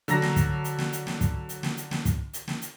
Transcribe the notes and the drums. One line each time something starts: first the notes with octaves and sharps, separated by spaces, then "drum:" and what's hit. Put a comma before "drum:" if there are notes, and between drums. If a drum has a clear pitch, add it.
D3 F#3 A#5 A#6, drum: hi-hat
drum: snare
drum: kick, hi-hat
drum: hi-hat
drum: snare
drum: hi-hat
drum: snare
drum: kick, hi-hat
drum: hi-hat
drum: snare
drum: hi-hat
drum: snare
drum: kick, hi-hat
drum: hi-hat
drum: snare
drum: hi-hat